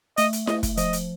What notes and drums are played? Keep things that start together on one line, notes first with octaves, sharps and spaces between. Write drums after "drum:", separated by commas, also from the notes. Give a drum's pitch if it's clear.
A3 D#5, drum: hi-hat
drum: hi-hat
A3 D#5, drum: snare E4
drum: kick, hi-hat
F3 D#5, drum: hi-hat
drum: hi-hat